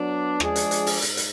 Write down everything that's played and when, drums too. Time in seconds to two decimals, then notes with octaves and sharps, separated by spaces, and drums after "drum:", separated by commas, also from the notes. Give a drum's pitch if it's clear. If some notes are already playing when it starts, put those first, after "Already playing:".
Already playing: F#3 B3 D4
0.40 F3 G#3 D4 G#4 D5, drum: rim click
0.56 drum: hi-hat
0.71 drum: hi-hat
0.86 drum: open hi-hat
1.02 G#2, drum: hi-hat
1.17 drum: hi-hat